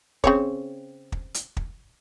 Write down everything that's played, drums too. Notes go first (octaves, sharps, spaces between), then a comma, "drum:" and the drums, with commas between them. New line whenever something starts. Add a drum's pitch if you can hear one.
C#3 C4 C#5, drum: kick
drum: kick
drum: hi-hat
drum: kick